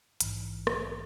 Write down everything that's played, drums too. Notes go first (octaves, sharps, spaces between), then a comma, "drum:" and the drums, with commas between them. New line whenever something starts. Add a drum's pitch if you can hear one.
A#1 G#2 E3, drum: hi-hat
drum: rim click